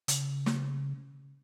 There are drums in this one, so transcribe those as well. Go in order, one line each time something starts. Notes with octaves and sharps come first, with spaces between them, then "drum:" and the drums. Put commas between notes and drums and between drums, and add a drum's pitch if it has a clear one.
C#3, drum: hi-hat
drum: snare